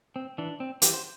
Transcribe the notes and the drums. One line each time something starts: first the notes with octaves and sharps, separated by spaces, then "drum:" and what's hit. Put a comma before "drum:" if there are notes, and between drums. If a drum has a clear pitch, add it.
C4
E3 D4
C4
E3 G4, drum: hi-hat
C5